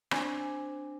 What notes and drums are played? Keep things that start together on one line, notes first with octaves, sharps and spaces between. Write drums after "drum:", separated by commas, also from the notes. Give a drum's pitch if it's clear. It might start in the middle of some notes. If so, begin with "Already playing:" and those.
C4 D4 D5 G#5, drum: rim click